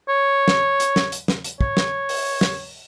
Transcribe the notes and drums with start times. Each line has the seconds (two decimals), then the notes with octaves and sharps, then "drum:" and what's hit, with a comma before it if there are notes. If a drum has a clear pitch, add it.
0.09 C#5
0.48 drum: snare
0.80 drum: hi-hat
0.96 drum: snare
1.12 drum: hi-hat
1.28 drum: snare
1.44 drum: hi-hat
1.61 C#5, drum: kick
1.77 drum: snare
2.09 drum: open hi-hat
2.41 drum: snare